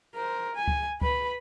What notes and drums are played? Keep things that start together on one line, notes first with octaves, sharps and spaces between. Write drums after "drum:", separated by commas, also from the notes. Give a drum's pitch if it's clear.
A#4 C5
G#5
drum: kick C#2
B4 B5, drum: kick C#2